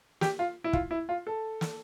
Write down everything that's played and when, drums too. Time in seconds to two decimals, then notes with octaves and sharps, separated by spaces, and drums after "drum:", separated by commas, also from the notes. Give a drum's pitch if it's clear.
0.21 G4, drum: snare
0.39 F4
0.64 E4
0.73 F4, drum: kick
0.91 E4
1.09 F4
1.27 A4
1.61 drum: snare